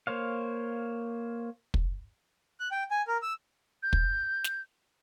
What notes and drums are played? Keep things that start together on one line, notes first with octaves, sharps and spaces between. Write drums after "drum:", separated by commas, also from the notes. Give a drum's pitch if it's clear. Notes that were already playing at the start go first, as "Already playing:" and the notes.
A#3 C5 C#5 F5
drum: kick
F#6
G5
G#5
A#4
E6
G6
drum: kick
drum: snare